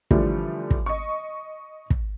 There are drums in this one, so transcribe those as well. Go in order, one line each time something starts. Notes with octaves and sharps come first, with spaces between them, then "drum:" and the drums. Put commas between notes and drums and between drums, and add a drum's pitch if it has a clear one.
D3 E3 F3 G3 A3, drum: kick
drum: kick
D#5 C#6
drum: kick